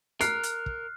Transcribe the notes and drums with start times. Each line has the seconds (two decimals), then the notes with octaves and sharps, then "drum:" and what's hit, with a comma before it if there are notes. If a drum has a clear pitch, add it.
0.21 A#4 F6 F#6 C7, drum: hi-hat
0.43 drum: hi-hat
0.66 drum: kick